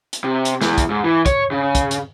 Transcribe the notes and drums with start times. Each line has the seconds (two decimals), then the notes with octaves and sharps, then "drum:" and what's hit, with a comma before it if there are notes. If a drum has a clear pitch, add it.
0.13 drum: hi-hat
0.24 C3
0.45 drum: hi-hat
0.61 E2, drum: snare
0.78 drum: kick, hi-hat
0.90 G#2
1.04 E3
1.26 C#5, drum: kick, hi-hat
1.51 C#3
1.75 drum: kick, hi-hat
1.91 drum: hi-hat